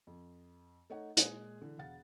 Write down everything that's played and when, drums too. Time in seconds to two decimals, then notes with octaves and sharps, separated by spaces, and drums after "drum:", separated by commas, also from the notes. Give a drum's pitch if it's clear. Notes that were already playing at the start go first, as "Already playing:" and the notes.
0.07 F2
0.90 A3 D#4 C#5 F#5
1.17 A#2 G#3 G#4 G#5 F#6, drum: hi-hat
1.62 D3 E3
1.78 E1 F5 F#5 A6